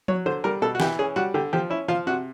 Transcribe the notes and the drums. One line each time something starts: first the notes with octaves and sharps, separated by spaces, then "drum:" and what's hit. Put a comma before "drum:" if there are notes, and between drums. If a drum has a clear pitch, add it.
F#3 C#5, drum: tom F3
D3 C5
G3 A#4
B2 A4
F#4
E3 G4, drum: snare
C#4 G#4
G3 F#4
D3 G4
F3 G4
C#4 E4
F3 F4
C3 F#4